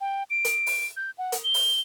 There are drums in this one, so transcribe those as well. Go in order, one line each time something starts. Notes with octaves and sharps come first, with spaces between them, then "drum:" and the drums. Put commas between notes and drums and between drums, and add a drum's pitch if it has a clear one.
G5
D7
drum: hi-hat
drum: open hi-hat
G6
F#5
drum: hi-hat
G7
drum: open hi-hat